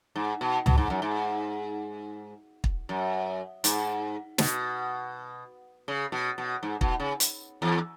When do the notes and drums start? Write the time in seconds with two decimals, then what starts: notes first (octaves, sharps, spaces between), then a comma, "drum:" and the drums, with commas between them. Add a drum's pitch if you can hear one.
0.16 G#2
0.41 B2
0.66 B2, drum: tom C#2
0.78 G#2
0.90 F#2
1.02 G#2
2.64 drum: kick
2.89 F#2
3.64 G#2, drum: hi-hat
4.38 B2, drum: snare
5.88 C#3
6.12 B2
6.38 B2
6.63 G#2
6.81 B2, drum: kick
7.00 C#3
7.20 drum: hi-hat
7.62 E2